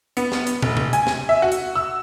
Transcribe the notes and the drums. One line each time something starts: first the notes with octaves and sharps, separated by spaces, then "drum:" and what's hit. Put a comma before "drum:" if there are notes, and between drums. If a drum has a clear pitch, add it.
B3, drum: hi-hat
drum: snare
drum: hi-hat
F1, drum: tom
drum: tom C3
G#5, drum: hi-hat
drum: snare
E5
F#4
drum: hi-hat
E6